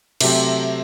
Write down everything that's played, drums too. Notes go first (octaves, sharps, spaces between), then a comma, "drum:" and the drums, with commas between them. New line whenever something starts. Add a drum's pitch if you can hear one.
C3 F#3 A3 C4 G4, drum: cymbal